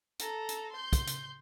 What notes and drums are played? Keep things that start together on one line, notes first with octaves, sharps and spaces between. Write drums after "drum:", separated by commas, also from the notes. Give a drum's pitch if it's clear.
A4 A#5, drum: hi-hat
drum: hi-hat
C6 G6
drum: kick, hi-hat
drum: hi-hat